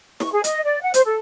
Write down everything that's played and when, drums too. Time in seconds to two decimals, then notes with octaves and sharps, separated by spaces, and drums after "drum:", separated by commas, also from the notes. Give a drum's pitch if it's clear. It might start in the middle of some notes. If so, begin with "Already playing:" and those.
0.20 C#6, drum: snare
0.33 G#4
0.44 D#5, drum: hi-hat
0.63 D5
0.82 F#5
0.94 C5, drum: hi-hat
1.05 A4